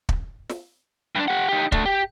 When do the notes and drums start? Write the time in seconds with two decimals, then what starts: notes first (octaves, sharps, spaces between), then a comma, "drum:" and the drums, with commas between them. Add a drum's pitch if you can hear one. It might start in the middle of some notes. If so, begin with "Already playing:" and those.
0.09 drum: kick
0.50 drum: snare
1.15 G2 D4
1.28 G4 F#5
1.49 D#4 G4
1.72 A3 D4, drum: kick
1.86 G4